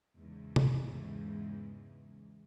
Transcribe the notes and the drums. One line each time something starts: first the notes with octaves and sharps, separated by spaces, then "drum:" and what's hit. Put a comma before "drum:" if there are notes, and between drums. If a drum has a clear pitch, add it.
E2 G#2 C#3 E3
drum: tom